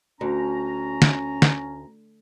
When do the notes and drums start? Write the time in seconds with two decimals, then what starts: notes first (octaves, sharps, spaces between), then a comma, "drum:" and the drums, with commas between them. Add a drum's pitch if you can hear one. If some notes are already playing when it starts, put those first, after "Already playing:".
0.21 D2 C#4 A#5
1.02 drum: snare
1.42 drum: snare